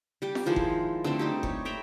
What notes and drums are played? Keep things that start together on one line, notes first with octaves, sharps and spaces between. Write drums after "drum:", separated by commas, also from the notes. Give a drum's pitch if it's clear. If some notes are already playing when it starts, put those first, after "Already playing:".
G3 G4
drum: snare
D#3 F3 G#3 E4
drum: kick F#1
D3 A3 C4
G3 D#4 G4
C#5, drum: kick F#1
E5 G5 A#5 B5